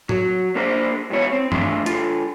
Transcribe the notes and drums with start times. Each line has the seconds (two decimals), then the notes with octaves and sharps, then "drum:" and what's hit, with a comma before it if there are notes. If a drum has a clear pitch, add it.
0.09 F#3, drum: tom
0.55 A#3 D4 A#4 C5
1.10 G#2 B2 E3 C#5
1.33 C4
1.52 E3 A3 D4 C6, drum: tom
1.86 D3 F4, drum: hi-hat